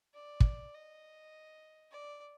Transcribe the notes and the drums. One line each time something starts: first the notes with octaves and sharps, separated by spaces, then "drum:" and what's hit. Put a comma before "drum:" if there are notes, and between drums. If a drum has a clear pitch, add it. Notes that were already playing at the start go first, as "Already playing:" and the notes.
D5
drum: kick
D#5
D5